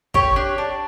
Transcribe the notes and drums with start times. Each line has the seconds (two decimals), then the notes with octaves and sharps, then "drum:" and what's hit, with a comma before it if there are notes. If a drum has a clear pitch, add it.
0.14 G4 C#5, drum: kick
0.36 D4
0.58 D4